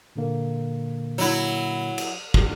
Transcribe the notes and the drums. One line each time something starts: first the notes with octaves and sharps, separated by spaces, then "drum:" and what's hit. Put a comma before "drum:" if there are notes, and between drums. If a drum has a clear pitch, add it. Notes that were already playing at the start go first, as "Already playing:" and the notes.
A#2 D3 A#3
F#3 E4, drum: open hi-hat
drum: cymbal
drum: kick